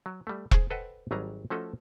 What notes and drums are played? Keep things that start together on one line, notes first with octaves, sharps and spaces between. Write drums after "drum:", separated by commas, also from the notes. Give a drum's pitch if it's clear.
F#3
G3 A3
G#4 C5, drum: kick E1
A4 B4 C5 D#5 F#5 G5
G#1 F#3 G3 G#4 A#5
F3 A3 C#4 F#4 A4 D#5